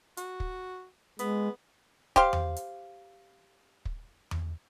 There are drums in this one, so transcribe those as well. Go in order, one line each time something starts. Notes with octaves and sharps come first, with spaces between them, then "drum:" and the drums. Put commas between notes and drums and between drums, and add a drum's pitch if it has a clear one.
F#4, drum: hi-hat
drum: kick
G#3 B3, drum: hi-hat
G4 C5 F5, drum: kick
drum: tom E2
drum: hi-hat
drum: kick
drum: tom E2